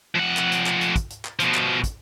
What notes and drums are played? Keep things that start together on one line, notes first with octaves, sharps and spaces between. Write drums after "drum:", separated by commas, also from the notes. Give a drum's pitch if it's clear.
F2 F#5
drum: clap
drum: hi-hat
drum: clap
drum: hi-hat
drum: kick, hi-hat
drum: hi-hat
drum: clap
B2 F3, drum: hi-hat
drum: clap
drum: kick, hi-hat